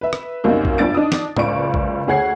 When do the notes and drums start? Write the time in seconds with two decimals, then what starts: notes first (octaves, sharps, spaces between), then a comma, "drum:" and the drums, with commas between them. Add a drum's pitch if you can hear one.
0.01 B4 E5
0.13 drum: rim click
0.44 C2 F#2 C3 A#3 D#4
0.65 drum: kick A#1
0.78 A#1 G2 D4 A6 D7
0.94 D4 D#4 D#6
1.12 drum: snare
1.37 F#1 C#2 D5 C#6 D7, drum: tom
1.74 drum: kick A#1
2.07 D2 G#4 C#5 F#5 G#6 C7